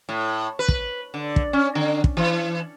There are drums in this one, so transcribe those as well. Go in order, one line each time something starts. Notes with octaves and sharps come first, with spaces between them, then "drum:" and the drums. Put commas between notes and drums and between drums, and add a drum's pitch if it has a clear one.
A2
B4
drum: kick
D3
drum: kick
C#4
D3
drum: kick
E3